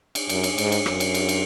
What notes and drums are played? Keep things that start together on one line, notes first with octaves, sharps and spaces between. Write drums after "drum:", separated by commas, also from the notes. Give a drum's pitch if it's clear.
drum: cymbal
F#2, drum: cymbal
drum: cymbal
G#2, drum: cymbal
drum: cymbal
F#2, drum: rim click
drum: cymbal
drum: cymbal
drum: cymbal